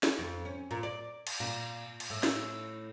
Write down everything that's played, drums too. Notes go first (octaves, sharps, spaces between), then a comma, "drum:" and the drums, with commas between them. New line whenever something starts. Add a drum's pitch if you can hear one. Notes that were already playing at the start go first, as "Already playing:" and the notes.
drum: snare
F2
C#4
A#2
D5
drum: cymbal
A#2
drum: cymbal
A2
drum: snare